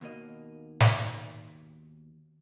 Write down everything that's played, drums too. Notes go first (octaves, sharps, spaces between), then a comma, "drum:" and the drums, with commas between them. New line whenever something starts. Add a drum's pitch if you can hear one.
D#2 B2 A#3 D#5
drum: snare